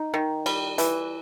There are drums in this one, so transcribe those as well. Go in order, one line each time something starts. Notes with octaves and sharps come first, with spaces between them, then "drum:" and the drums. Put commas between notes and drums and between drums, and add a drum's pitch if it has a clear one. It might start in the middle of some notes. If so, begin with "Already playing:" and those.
Already playing: D#4
D#3
G3, drum: cymbal
E3, drum: hi-hat